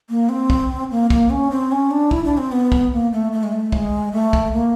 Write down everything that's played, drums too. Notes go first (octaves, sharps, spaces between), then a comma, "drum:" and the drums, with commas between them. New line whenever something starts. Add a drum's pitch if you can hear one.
A#3
C4
drum: kick
A#3
A#3, drum: kick
C#4
C4
C#4
D4
E4, drum: kick
D4
C4
B3
drum: kick
A#3
A3
A3
G#3
A3
G#3, drum: kick
A3
drum: kick
A#3